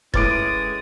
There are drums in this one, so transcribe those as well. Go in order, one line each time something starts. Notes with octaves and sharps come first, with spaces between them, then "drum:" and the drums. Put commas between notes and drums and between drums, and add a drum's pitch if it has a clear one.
A2 G#3 C#4 B4 D6 D#6 A6 D7, drum: kick E1